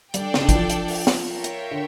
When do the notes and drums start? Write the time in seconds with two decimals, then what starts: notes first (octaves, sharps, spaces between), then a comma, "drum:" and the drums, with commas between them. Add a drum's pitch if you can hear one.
0.14 G3 D4 A4 D5 G5, drum: hi-hat
0.34 C#3, drum: snare
0.41 D3
0.49 E3, drum: kick, hi-hat
0.55 F3
0.70 drum: hi-hat
0.88 drum: open hi-hat
1.07 drum: snare
1.26 F4 A#4 C#5 E5 G5
1.44 drum: hi-hat
1.71 D3